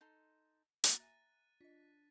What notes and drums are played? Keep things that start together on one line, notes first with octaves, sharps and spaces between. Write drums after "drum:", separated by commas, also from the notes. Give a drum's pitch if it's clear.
D#4 A4 C6
A#3 F#4 A#5 A6, drum: hi-hat
E5 G#5 F#6 D#7
D4 F4 D#5 B6